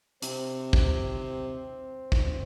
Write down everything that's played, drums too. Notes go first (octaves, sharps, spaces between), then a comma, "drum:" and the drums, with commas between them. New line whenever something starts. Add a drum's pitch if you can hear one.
C3 C4, drum: hi-hat
drum: kick
drum: kick